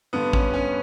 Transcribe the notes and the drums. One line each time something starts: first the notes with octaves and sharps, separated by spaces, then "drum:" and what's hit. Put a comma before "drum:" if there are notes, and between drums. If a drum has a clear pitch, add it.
G2 D3 B3
C#4, drum: kick
C#4